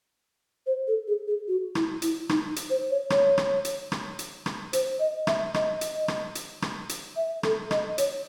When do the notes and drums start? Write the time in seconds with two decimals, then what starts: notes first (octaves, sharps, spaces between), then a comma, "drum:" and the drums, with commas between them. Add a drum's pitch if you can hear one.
0.67 C5
0.88 A4
1.08 G#4
1.28 G#4
1.48 F#4
1.75 E4, drum: rim click
2.02 E4, drum: hi-hat
2.29 D#4, drum: rim click
2.56 drum: hi-hat
2.70 C5
2.91 C#5
3.10 C#5, drum: rim click
3.38 drum: rim click
3.65 drum: hi-hat
3.92 drum: rim click
4.19 drum: hi-hat
4.46 drum: rim click
4.73 C5, drum: hi-hat
5.00 D#5
5.27 E5, drum: rim click
5.54 D#5, drum: rim click
5.81 drum: hi-hat
6.08 drum: rim click
6.35 drum: hi-hat
6.62 drum: rim click
6.89 drum: hi-hat
7.16 E5
7.43 A4, drum: rim click
7.71 D#5, drum: rim click
7.98 C#5, drum: hi-hat